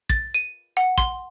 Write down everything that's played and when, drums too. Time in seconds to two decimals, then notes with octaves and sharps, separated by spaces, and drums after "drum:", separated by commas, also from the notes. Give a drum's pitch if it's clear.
0.10 A6, drum: kick
0.34 D#7
0.77 F#5
0.98 C6, drum: kick